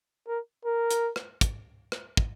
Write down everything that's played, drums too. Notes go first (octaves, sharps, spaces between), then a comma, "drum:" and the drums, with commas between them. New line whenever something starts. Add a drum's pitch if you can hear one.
A#4
A#4
drum: hi-hat
drum: rim click
drum: kick, hi-hat
drum: rim click
drum: kick